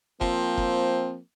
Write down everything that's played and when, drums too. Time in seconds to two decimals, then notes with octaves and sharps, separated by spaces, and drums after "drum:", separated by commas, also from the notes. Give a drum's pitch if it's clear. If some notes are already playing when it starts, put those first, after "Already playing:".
0.21 F3 A#3 C4, drum: kick
0.58 drum: kick